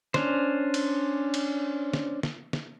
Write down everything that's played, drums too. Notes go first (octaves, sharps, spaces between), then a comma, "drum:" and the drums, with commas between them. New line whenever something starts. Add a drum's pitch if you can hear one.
C#4 D4 C5, drum: snare
drum: cymbal
drum: cymbal
drum: snare
drum: snare
drum: snare